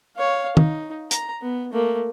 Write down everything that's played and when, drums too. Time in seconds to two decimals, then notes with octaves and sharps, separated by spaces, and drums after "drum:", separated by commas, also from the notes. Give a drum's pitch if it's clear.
0.17 C#5 F5
0.57 D#4, drum: tom
1.11 A#5, drum: hi-hat
1.41 B3
1.72 A3 A#3